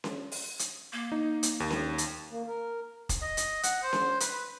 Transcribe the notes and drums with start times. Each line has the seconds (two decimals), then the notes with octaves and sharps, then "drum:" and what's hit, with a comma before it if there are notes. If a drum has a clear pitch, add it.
0.04 drum: snare C#4
0.32 drum: open hi-hat
0.59 drum: hi-hat
0.93 A#3
1.12 D#4
1.43 drum: hi-hat
1.60 D#2
1.70 drum: snare C#4
1.98 drum: hi-hat
2.31 A#3
2.47 A#4
3.09 drum: kick F1, hi-hat
3.22 D#5
3.37 drum: hi-hat
3.63 F#5, drum: hi-hat
3.83 C5
3.93 drum: snare C#4
4.20 B4, drum: hi-hat